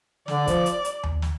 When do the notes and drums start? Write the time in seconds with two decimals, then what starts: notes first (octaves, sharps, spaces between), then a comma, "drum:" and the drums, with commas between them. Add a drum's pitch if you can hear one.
0.28 D3 D5, drum: snare
0.47 F3, drum: kick, hi-hat
0.66 drum: hi-hat
0.85 drum: hi-hat
1.03 drum: tom D#2
1.22 drum: snare